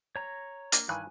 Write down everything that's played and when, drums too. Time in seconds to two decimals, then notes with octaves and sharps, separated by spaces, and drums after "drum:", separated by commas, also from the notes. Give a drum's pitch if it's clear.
0.16 C#5 A#5
0.72 A#3 D4 D#5, drum: hi-hat
0.89 G2 D#3 E3 G#5 F#6